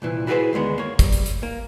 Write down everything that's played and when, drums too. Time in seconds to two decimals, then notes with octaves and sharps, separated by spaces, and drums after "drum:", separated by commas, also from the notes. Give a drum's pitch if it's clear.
0.02 C2 A#2 E3
0.27 E4 F#4 G#4 A4 B4 C5
0.53 D2 D#3 G#3 B3
0.78 A#3 C#5
0.99 G3, drum: kick, hi-hat
1.12 drum: hi-hat
1.26 drum: hi-hat
1.43 A#3